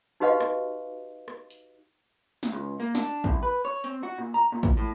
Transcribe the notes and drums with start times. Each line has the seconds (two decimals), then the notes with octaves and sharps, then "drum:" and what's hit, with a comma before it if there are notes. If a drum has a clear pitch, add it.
0.20 D#4 F#4 G4 B4 D#5 F5
0.40 drum: rim click
1.28 drum: rim click
1.50 drum: hi-hat
2.43 drum: snare
2.52 C#2
2.80 A#3
2.95 D4, drum: snare
3.24 C2, drum: kick
3.43 B4
3.65 C#5
3.84 C4, drum: hi-hat
4.03 F#4
4.18 A#2
4.34 A#5
4.52 A#2
4.63 drum: kick
4.77 A2